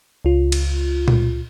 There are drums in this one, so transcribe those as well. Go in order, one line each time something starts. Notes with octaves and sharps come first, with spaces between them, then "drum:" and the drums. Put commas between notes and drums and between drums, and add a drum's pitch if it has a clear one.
C#2 F4
drum: cymbal
drum: tom A#2